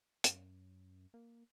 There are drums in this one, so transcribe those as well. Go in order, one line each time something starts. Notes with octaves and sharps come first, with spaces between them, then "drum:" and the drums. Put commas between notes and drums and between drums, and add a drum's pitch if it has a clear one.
F#2, drum: hi-hat
A#3